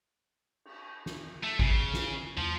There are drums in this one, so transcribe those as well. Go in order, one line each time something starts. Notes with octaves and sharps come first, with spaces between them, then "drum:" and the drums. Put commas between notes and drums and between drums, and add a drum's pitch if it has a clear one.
drum: cymbal
drum: snare
A3
C#3, drum: kick G#1
drum: snare
F3, drum: tom